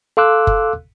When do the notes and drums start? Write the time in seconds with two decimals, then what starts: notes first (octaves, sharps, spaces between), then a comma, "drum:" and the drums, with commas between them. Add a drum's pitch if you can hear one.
0.17 A4 F5 C6 D6 E6 F#6
0.47 drum: kick F#1